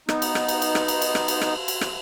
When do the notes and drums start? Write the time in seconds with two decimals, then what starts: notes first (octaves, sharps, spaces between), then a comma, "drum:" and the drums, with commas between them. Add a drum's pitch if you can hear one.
0.09 B3 D#4, drum: rim click
0.22 drum: cymbal
0.35 drum: rim click
0.48 drum: cymbal
0.62 drum: cymbal
0.75 drum: rim click
0.88 drum: cymbal
1.02 drum: cymbal
1.15 drum: rim click
1.28 drum: cymbal
1.41 drum: rim click
1.68 drum: cymbal
1.81 drum: rim click